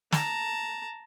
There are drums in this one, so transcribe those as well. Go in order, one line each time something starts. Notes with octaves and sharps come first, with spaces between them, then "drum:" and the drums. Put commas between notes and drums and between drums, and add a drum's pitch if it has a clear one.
A5 A#5, drum: snare